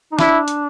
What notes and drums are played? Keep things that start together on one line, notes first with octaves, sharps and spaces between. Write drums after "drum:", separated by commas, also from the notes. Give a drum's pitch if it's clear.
D#4
D4 E4, drum: snare
drum: hi-hat